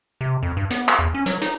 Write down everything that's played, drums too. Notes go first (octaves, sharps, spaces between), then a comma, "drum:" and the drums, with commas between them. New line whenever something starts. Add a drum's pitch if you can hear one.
C3
F2
G2
B3, drum: hi-hat
drum: clap
E2
C#4
F#3, drum: hi-hat
D#4, drum: hi-hat